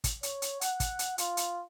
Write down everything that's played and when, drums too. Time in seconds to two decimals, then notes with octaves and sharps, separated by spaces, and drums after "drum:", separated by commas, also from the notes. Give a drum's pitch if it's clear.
0.04 drum: kick, hi-hat
0.23 C#5, drum: hi-hat
0.42 drum: hi-hat
0.61 F#5, drum: hi-hat
0.80 drum: kick, hi-hat
0.99 drum: hi-hat
1.18 F4, drum: hi-hat
1.37 drum: hi-hat